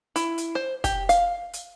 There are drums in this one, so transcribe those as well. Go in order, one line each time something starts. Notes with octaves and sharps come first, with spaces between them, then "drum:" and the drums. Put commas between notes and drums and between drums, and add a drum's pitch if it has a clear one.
E4, drum: hi-hat
drum: hi-hat
C5
G4, drum: kick, hi-hat
F5, drum: hi-hat
drum: hi-hat